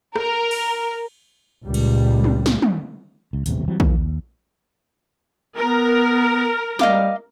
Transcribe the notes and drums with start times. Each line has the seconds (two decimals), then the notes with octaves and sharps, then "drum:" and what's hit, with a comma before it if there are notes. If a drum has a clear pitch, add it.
0.16 A#4, drum: rim click
0.51 drum: cymbal
1.64 C#2 A#2 G3
1.74 drum: cymbal
2.24 drum: tom
2.46 drum: snare
2.62 drum: tom
3.33 C#2
3.46 D#1 A1 E2 C3, drum: hi-hat
3.68 E3 F#3 G3 C4
3.80 E2 D#3 F3 A#3, drum: kick A#1
3.95 D#2
5.57 B3 A#4
6.79 G3 D#5 F5 D6, drum: snare